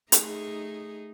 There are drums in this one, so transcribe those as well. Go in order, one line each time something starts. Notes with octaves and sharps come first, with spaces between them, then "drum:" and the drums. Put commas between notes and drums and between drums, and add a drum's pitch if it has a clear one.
A3 D#4 G#4, drum: hi-hat